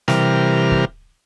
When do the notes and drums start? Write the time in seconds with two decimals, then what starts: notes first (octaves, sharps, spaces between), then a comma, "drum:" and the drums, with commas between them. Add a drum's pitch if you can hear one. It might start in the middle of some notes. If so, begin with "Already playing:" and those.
0.08 C3 E3 G3 A#4 F6, drum: snare
0.71 drum: kick